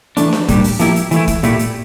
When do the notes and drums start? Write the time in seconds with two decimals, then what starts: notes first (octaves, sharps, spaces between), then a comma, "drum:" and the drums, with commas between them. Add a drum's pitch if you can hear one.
0.17 E3 A3 D4, drum: hi-hat
0.33 drum: snare D4
0.48 A#2 G3 D4 G4, drum: kick, hi-hat
0.64 drum: open hi-hat
0.79 F3 A#3 E4 G4, drum: hi-hat
0.96 drum: hi-hat
1.11 E3 A3 E4, drum: hi-hat
1.28 drum: kick, hi-hat
1.43 A#2 A3 E4 G4, drum: hi-hat
1.59 drum: hi-hat